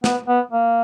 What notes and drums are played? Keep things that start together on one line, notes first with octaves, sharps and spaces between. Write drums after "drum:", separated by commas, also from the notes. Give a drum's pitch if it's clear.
B3, drum: snare
B3
A#3